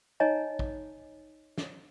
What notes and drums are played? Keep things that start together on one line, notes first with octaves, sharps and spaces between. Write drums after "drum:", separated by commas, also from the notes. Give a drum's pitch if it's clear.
D#4 C#5 D#5 G#5 A#5
drum: kick
drum: snare